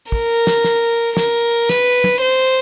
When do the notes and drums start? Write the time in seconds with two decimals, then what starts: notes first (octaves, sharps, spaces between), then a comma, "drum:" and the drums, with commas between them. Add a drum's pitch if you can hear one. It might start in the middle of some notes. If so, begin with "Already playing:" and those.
0.12 A#4, drum: kick
0.47 drum: snare
0.64 drum: snare
1.17 A#4, drum: snare
1.69 B4, drum: snare
2.04 drum: tom
2.21 C5